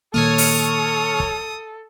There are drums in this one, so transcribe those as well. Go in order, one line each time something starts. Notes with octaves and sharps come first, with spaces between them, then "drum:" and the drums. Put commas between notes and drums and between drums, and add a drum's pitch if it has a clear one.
A#2 D#3 A#3 A4 C#5 C#6 D#6 F6
drum: open hi-hat
drum: kick